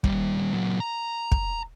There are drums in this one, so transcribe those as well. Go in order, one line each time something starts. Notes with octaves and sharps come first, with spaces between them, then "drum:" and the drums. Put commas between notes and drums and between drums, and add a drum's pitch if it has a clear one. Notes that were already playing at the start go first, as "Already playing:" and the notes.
D#2 G3, drum: kick
A#2 F#3
A#5
drum: kick